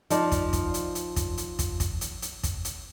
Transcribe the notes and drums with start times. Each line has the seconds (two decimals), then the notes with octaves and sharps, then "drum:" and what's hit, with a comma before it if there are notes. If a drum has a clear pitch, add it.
0.10 F3 D#4 D5, drum: hi-hat
0.32 drum: kick, hi-hat
0.53 drum: kick, hi-hat
0.74 drum: hi-hat
0.95 drum: hi-hat
1.16 drum: kick, hi-hat
1.37 drum: hi-hat
1.59 drum: kick, hi-hat
1.80 drum: kick, hi-hat
2.01 drum: hi-hat
2.22 drum: hi-hat
2.43 drum: kick, hi-hat
2.65 drum: hi-hat